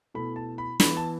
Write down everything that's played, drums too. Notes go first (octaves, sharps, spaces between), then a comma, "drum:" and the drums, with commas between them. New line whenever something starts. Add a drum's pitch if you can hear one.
B2 A3 E4 B5
A5
B5
E3 B3 E4 B5, drum: snare
A5